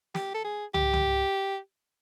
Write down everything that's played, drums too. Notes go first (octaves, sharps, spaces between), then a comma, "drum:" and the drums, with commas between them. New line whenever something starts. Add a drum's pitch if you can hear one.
G4, drum: snare
A4
G#4
G4, drum: tom
drum: tom